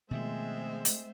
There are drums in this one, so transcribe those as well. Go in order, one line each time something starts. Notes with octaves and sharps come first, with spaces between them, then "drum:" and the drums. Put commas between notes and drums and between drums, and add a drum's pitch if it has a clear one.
B2 D#3 F3 G#3 A3 C4 C5 E5
drum: hi-hat